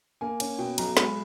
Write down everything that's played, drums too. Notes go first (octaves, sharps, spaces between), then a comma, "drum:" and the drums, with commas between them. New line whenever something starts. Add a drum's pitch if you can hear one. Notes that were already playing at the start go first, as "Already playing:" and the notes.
A#3 G#5
C#4, drum: cymbal
B2 G5
B1 A#5, drum: cymbal
G#3 B5, drum: snare